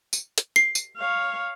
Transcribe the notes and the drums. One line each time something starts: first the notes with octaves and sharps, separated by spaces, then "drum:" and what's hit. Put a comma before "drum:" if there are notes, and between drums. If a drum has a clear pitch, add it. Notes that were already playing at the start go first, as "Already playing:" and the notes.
drum: tambourine
drum: hi-hat
C7
drum: tambourine
C#5 F5